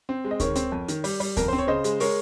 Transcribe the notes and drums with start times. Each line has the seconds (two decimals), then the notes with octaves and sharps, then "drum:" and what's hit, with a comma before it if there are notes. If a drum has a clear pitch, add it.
0.09 C4
0.25 G#3
0.31 D#5
0.40 D#3 A#4 C#5, drum: kick D2, hi-hat
0.56 C4, drum: hi-hat
0.72 F2
0.88 D#3, drum: hi-hat
1.04 G3, drum: open hi-hat
1.20 G3, drum: open hi-hat
1.37 F2 A#4, drum: kick D2, hi-hat
1.48 C4 C5
1.58 C#5
1.67 C#3 C5 D#5
1.84 G#3, drum: hi-hat
2.00 G#3 A#4 C#5, drum: open hi-hat